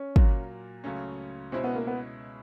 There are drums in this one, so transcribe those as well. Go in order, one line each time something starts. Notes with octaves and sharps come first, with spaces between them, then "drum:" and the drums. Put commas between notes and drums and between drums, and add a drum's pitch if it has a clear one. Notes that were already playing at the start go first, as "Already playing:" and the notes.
Already playing: C#4
A#2 F#3 A#3, drum: kick
C#2 C#3 F#3 A3 C#4
B2 G#3 C4 C#4 E4
B3
A#3
B3